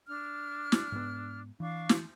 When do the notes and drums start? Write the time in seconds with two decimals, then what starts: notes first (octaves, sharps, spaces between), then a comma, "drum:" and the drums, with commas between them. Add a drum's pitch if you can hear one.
0.07 D4 F6
0.72 drum: snare
0.92 G#2 G#3 B3
1.60 E3 D4 F5 C#6
1.89 drum: snare